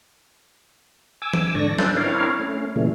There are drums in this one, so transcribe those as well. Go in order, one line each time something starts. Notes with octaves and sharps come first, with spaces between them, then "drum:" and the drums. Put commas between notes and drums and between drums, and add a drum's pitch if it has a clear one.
G#5 D6 E6
drum: tom E3
G#2 D3 D4 D5 C#6 A#6
C#4 F4 A4 B4 C5 D5, drum: snare
C4 D4 E4 A#4 C#5 F5
A3 C#4
A#2 C#3 E3 G3 A3